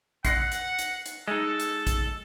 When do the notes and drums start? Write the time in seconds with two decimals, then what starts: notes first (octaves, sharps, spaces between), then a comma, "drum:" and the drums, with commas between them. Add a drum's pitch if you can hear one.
0.25 F#5 F#6 A#6 C7, drum: kick, hi-hat
0.52 drum: hi-hat
0.79 drum: hi-hat
1.06 drum: hi-hat
1.28 G#3 D#4 A4
1.60 drum: hi-hat
1.87 drum: kick, hi-hat